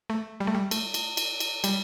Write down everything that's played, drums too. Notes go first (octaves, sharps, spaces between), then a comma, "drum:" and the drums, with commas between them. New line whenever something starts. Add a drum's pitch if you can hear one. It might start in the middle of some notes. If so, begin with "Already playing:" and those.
A3
G3
A3
G3
A3, drum: cymbal
drum: cymbal
drum: cymbal
drum: cymbal
G3, drum: cymbal